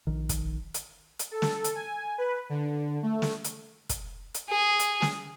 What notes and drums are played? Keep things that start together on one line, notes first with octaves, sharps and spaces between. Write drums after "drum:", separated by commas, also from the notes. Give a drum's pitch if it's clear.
A#1 D#3
drum: kick, hi-hat
drum: hi-hat
drum: hi-hat
A4
drum: snare
drum: hi-hat
G#5
B4
D3
A3
drum: snare
drum: hi-hat
drum: kick, hi-hat
drum: hi-hat
G#4
drum: hi-hat
drum: snare